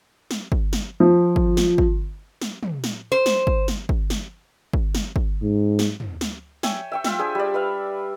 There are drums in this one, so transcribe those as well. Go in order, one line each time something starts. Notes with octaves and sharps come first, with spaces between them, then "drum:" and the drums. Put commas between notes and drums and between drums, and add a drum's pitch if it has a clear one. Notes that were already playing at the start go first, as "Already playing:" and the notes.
drum: snare
drum: kick
drum: snare
F3
drum: kick
drum: snare
drum: kick
drum: snare
drum: tom
drum: snare
C5
drum: snare
drum: kick
drum: snare
drum: kick
drum: snare
drum: kick
drum: snare
drum: kick
G#2
drum: snare
drum: tom
drum: snare
C#5 E5 G5 G#5, drum: snare
E5 G5 C#6
F4 E5 G5, drum: snare
D4 G#4 C5 G#5
G3 D5
B4 E5 F5